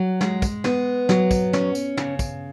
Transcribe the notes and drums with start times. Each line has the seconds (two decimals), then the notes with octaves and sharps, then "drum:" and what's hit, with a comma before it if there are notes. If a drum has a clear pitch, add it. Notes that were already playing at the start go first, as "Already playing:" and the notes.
Already playing: F#3
0.21 G#3, drum: snare
0.42 drum: kick, tambourine
0.64 B3, drum: snare
1.09 F#3, drum: snare
1.31 drum: kick, tambourine
1.53 C#4, drum: snare
1.75 drum: tambourine
1.97 C#3, drum: snare
2.19 drum: kick, tambourine